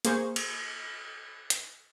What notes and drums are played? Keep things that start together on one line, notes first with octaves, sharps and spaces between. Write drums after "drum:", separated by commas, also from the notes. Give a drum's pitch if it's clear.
A#3 G#4 C5 C#6, drum: hi-hat
drum: cymbal
drum: hi-hat